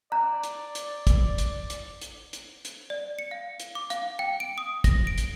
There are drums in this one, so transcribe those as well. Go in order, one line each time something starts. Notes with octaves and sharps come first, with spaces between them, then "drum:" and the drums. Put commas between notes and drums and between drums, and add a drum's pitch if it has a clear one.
D5 A#5
drum: hi-hat
drum: hi-hat
drum: kick, hi-hat
drum: hi-hat
drum: hi-hat
drum: hi-hat
drum: hi-hat
drum: hi-hat
D5
C#7
F5
drum: hi-hat
D6
F5, drum: hi-hat
G5
D7
D#6
A#6, drum: kick, hi-hat
D7
drum: hi-hat